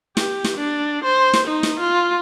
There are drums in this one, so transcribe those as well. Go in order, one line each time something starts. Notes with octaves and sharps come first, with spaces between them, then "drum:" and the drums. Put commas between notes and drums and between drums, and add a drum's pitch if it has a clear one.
G4, drum: snare
drum: snare
D4
C5
drum: snare
D#4
drum: snare
F4